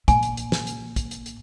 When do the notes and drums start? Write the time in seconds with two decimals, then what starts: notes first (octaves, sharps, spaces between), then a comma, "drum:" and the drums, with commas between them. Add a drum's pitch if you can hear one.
0.08 A#2 G#5, drum: kick, hi-hat
0.23 drum: hi-hat
0.37 drum: hi-hat
0.52 drum: snare
0.67 drum: hi-hat
0.96 drum: kick, hi-hat
1.11 drum: hi-hat
1.26 drum: hi-hat